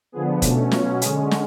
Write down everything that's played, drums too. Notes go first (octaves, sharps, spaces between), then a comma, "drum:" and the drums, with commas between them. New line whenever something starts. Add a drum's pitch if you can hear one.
D3 F3 B3 G#4
B2 A3 C#4 D4, drum: kick, hi-hat
B2 F#3 C#4 F4, drum: snare
D3 G#3 C#4 G#4, drum: hi-hat
drum: snare